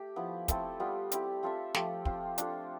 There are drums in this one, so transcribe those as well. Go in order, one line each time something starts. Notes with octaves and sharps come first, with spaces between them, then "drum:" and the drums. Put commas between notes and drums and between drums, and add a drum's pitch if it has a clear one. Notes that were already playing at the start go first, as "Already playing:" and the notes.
Already playing: A3 G4
F3 B3 E4
A3 C4 E4 A4, drum: kick, hi-hat
G3 B3 F4
C4 E4 G4, drum: hi-hat
C4 F4 A4 E5
F3 A3 C4 G4, drum: snare
C4 F4 C5, drum: kick
D4 F4 A4, drum: hi-hat